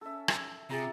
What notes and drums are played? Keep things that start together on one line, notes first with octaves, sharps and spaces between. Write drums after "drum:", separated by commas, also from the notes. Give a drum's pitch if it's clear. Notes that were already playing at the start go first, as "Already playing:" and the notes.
C#4 A4 E5
drum: rim click
C3 F4 G#4 E5 A#5 A6